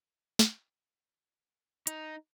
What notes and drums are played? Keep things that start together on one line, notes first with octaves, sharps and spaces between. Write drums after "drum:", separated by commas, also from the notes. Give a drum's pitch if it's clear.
drum: snare
D#4, drum: hi-hat